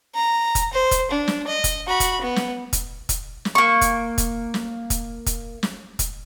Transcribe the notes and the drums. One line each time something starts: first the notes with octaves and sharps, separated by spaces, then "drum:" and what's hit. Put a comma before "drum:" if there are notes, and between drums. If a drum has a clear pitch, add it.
A#5
drum: kick, hi-hat
C5
drum: kick, hi-hat
D4
drum: snare
D#5
drum: kick, hi-hat
F#4 B5
drum: kick, hi-hat
B3
drum: snare
drum: kick, hi-hat
drum: kick, hi-hat
drum: snare
A#3 C#6
drum: kick, hi-hat
drum: kick, hi-hat
drum: snare
drum: kick, hi-hat
drum: kick, hi-hat
drum: snare
drum: kick, hi-hat